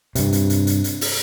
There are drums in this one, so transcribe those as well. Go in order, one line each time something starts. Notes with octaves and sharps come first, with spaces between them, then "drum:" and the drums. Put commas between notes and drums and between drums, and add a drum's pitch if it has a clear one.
G2 C3, drum: hi-hat
drum: hi-hat
drum: hi-hat
drum: hi-hat
drum: hi-hat
drum: open hi-hat